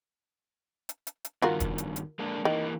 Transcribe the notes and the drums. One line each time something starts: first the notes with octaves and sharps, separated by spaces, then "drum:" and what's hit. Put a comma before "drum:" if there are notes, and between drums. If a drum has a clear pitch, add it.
drum: hi-hat
drum: hi-hat
drum: hi-hat
G2 D#3 F4 F#4 A#4
drum: kick, hi-hat
drum: hi-hat
drum: hi-hat
G#3 A#3 D4
D#3 E3 A#3